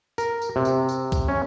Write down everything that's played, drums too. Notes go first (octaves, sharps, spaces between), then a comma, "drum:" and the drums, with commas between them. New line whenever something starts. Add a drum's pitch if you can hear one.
A#4, drum: tambourine
drum: tambourine
C3
drum: tambourine
drum: tambourine
drum: kick B1, tambourine
C#4